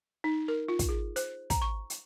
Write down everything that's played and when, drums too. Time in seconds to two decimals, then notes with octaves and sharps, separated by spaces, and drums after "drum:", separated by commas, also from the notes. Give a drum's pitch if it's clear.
0.24 D#4
0.48 A#4
0.69 F4
0.79 drum: kick, hi-hat
0.89 G#4
1.16 C5, drum: hi-hat
1.50 A#5, drum: kick, hi-hat
1.62 C#6
1.90 drum: hi-hat